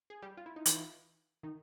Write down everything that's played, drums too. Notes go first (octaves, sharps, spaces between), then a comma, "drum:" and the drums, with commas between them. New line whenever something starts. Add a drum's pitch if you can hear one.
G#4
G3 G4
F4
E4
D#4
E3 E4, drum: hi-hat
D#3 D#4